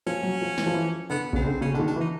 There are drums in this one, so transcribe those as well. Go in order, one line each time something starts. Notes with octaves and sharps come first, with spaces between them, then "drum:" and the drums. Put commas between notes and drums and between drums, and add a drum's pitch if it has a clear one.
F3 C#4
F#3
F3
E3, drum: snare
F3
E3
D3 B3
C#3 C4, drum: kick A#1
D3
C#3 C#4
D3 D4
D#3
D4
E3
D#4